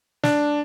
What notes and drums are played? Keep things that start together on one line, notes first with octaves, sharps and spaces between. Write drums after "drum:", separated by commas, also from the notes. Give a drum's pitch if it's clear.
D4, drum: snare